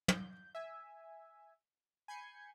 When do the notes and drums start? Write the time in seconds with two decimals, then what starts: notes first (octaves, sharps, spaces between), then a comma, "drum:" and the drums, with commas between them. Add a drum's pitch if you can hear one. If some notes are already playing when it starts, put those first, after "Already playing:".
0.08 G6, drum: tom
0.55 E5 G#5
2.08 G#5 B5 G6 G#6 C7 C#7